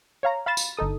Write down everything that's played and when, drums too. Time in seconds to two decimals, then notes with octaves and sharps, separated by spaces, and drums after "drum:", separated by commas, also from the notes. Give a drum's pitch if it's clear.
0.23 C#5 F5 A#5
0.46 F5 B5 C6 A6 E7
0.57 drum: tambourine
0.77 G1 D#4 A4 D#6